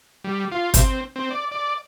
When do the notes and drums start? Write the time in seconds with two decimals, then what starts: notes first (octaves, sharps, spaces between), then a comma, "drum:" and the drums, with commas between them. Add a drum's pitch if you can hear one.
0.24 G3
0.52 F4
0.74 C4, drum: kick G1, hi-hat
1.16 C4
1.31 D5
1.51 D5